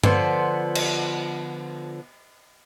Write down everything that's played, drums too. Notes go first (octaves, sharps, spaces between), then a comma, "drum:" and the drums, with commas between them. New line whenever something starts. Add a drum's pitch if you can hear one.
D3 F3 B3 C5, drum: tom G2
drum: cymbal